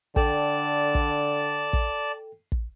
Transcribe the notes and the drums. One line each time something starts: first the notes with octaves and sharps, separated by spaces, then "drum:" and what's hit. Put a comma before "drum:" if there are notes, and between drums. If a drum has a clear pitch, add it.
D3 A4 D5 G5 A5, drum: kick
drum: kick
drum: kick
drum: kick